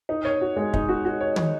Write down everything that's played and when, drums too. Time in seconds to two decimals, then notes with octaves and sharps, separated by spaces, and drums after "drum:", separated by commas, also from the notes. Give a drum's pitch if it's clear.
0.09 D#4
0.25 C#5
0.41 F#4
0.57 G#3
0.74 D#4, drum: kick
0.89 F#4
1.05 F#4
1.20 C#5
1.36 C#5, drum: tom